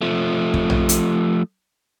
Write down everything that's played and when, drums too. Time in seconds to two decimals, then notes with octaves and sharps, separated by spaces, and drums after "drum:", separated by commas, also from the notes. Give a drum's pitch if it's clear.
0.01 F3 A3
0.54 drum: kick
0.70 drum: tom A#1
0.89 drum: hi-hat